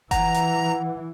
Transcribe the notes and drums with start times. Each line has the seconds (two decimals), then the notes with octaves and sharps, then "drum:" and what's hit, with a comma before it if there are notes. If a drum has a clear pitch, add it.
0.11 E3 F#5 A#5, drum: kick F#1, hi-hat
0.34 drum: hi-hat